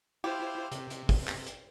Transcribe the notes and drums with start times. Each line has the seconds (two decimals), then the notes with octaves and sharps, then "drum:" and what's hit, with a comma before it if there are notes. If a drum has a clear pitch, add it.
0.24 E4 F4 G4 C5
0.72 C3, drum: hi-hat
0.90 drum: hi-hat
1.09 drum: kick, open hi-hat
1.28 drum: clap
1.47 drum: hi-hat